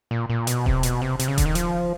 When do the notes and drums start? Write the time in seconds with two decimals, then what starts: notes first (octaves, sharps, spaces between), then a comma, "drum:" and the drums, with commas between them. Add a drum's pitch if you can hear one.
0.11 A#2
0.30 A#2
0.47 B2, drum: hi-hat
0.66 C3, drum: kick D#1
0.83 B2, drum: hi-hat
1.02 C3
1.19 C3, drum: hi-hat
1.28 C#3
1.38 D3, drum: kick D#1, hi-hat
1.46 D#3
1.55 F3, drum: hi-hat